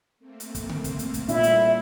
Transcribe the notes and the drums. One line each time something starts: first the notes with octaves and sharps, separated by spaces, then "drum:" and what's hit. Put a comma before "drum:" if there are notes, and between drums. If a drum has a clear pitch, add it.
A3 A#3 C4
drum: hi-hat
drum: kick, hi-hat
drum: tom C#3
drum: kick, hi-hat
drum: hi-hat
drum: kick, hi-hat
A#2 G3 E4 A4 C5 E5, drum: hi-hat
drum: hi-hat